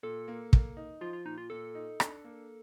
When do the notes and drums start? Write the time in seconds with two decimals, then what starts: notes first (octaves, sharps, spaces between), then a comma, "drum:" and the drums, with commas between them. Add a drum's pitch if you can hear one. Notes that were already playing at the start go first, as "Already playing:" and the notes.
0.03 A#2 A4
0.28 A#3
0.53 A#3, drum: kick
0.77 D#4
1.01 F3 F4
1.13 F4
1.25 A#2 D#4
1.38 F4
1.50 A#2 A4
1.75 D#4
2.00 D4, drum: rim click
2.24 A#3